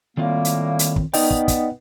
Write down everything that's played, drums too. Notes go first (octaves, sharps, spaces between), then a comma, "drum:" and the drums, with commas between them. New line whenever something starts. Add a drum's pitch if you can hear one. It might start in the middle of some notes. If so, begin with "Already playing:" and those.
A2 D#3 G3 A#3 C4 F4
drum: hi-hat
drum: hi-hat
drum: kick
B3 D#4 D5 D#5 G5, drum: open hi-hat
drum: kick
drum: kick, hi-hat